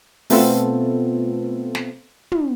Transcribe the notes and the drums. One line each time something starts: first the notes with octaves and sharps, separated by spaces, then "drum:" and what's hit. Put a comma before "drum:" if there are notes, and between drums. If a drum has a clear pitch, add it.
B2 A3 B3 C4 F4 A4, drum: open hi-hat
drum: snare
drum: tom